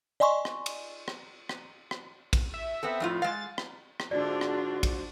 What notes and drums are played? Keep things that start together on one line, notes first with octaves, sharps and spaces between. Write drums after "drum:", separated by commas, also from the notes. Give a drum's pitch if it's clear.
D5 D#5 G#5 C6 C#6
drum: rim click
drum: cymbal
drum: rim click
drum: rim click
drum: rim click
drum: kick, cymbal
E5
B3 C4 A4
F2 A2 F4
G#3 F5 A6
drum: rim click
drum: rim click
G#2 D3 D4 F4 F#4 D5
drum: rim click
drum: kick, cymbal